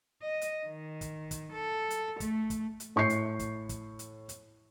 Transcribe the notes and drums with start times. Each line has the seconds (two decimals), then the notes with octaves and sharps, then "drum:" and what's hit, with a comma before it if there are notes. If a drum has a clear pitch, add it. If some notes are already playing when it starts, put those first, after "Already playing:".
0.22 D#5
0.41 drum: hi-hat
0.66 D#3
1.01 drum: kick, hi-hat
1.31 drum: kick, hi-hat
1.53 A4
1.90 drum: hi-hat
2.20 A3, drum: kick, hi-hat
2.50 drum: kick, hi-hat
2.80 drum: hi-hat
2.96 A2 C#6 G6 C7 C#7
3.10 drum: hi-hat
3.39 drum: kick, hi-hat
3.69 drum: kick, hi-hat
3.99 drum: hi-hat
4.29 drum: hi-hat